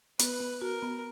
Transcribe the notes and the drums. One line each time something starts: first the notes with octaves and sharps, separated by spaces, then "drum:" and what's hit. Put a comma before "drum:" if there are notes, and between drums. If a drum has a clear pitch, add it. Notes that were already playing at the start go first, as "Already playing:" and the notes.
B3 B4, drum: hi-hat
B3
F#4 A#4
B3